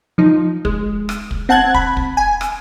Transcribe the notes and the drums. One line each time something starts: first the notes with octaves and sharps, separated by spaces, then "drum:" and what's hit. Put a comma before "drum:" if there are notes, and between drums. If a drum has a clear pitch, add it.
F3 D#4
G#3, drum: kick
drum: rim click
drum: kick
C4 F#5 A5 F#6 G#6
B5, drum: kick
drum: kick
G#5
drum: rim click